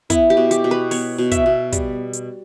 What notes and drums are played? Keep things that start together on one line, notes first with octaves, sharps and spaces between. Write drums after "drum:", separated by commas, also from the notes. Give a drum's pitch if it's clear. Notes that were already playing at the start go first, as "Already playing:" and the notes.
B3 E4, drum: kick, hi-hat
G4
B2
G4, drum: hi-hat
B2
B4
B3 C#5, drum: open hi-hat
B2
E5, drum: kick, hi-hat
B2
G3, drum: kick, hi-hat
drum: hi-hat